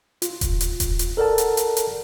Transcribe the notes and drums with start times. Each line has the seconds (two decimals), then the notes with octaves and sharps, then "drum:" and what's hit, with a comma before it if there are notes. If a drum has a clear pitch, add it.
0.22 F4, drum: hi-hat
0.41 drum: kick D#1, hi-hat
0.61 drum: hi-hat
0.80 drum: kick D#1, hi-hat
0.99 drum: hi-hat
1.17 A4 A#4 D5 F#5 A5
1.38 drum: hi-hat
1.57 drum: hi-hat
1.77 drum: hi-hat